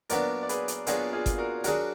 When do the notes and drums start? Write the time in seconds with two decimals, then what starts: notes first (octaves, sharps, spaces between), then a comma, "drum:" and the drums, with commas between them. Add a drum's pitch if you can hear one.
0.09 A#2 F#3 B3 D4 A#4 D5, drum: hi-hat
0.43 D5
0.49 G#4 B4, drum: hi-hat
0.68 drum: hi-hat
0.87 A#2 F#3 B3 D4 F4 G#4, drum: hi-hat
1.13 F4 G#4
1.26 drum: kick G1, hi-hat
1.38 F#4 A#4
1.64 F#3 D4 F#4 G#4 A#4, drum: hi-hat